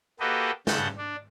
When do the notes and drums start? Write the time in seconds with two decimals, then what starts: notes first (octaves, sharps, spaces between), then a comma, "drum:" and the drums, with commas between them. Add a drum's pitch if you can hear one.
0.20 A#3 F#4 G4 A4 B4 D#5
0.67 G2 C#3 F#5 A5 G6, drum: snare
0.97 D4